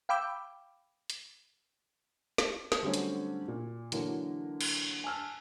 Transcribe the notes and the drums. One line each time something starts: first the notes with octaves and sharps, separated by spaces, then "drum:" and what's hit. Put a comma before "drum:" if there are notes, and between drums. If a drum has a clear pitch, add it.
F5 G5 B5 D6 E6 G6
drum: hi-hat
drum: snare
drum: snare
D3 F#3 G3 A3 C4 C#4
drum: hi-hat
A#2
D3 E3 F#3 A#3, drum: hi-hat
drum: cymbal
G#5 A5 E6 F6